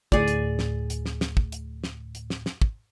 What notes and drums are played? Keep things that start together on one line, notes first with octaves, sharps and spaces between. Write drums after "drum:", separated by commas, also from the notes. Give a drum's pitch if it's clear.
D2 A2 G#4 D5, drum: kick
drum: hi-hat
drum: snare
drum: hi-hat
drum: snare
drum: snare
drum: kick
drum: hi-hat
drum: snare
drum: hi-hat
drum: snare
drum: snare
drum: kick